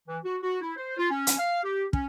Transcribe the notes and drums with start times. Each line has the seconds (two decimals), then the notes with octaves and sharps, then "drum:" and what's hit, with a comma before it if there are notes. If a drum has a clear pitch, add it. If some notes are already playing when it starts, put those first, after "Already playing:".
0.08 E3
0.24 F#4
0.42 F#4
0.61 E4
0.77 C5
0.97 F4
1.10 C#4
1.27 drum: hi-hat
1.38 F5
1.64 G4
1.93 C#4, drum: kick